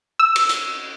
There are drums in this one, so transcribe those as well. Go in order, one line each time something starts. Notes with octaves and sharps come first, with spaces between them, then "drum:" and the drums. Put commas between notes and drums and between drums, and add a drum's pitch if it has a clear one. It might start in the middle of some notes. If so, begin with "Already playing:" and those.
E6
drum: cymbal
drum: hi-hat